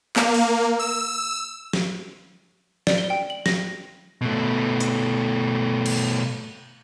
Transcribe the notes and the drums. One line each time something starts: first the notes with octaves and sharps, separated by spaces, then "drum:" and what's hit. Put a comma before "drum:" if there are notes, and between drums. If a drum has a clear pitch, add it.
A#3, drum: clap
drum: open hi-hat
E6
drum: snare
D5, drum: snare
G7
G5
F#7
A#6, drum: snare
B2 A3
drum: hi-hat
drum: cymbal